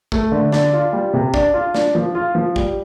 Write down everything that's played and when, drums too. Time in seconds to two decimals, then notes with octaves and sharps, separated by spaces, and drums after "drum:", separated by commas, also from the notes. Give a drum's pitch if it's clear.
0.12 A3, drum: kick
0.32 D3
0.52 D4, drum: snare
0.73 F4
0.93 G3
1.14 C3
1.34 D4, drum: kick
1.54 F4
1.75 D4, drum: snare
1.95 F3
2.15 F4
2.35 F3
2.56 G3, drum: kick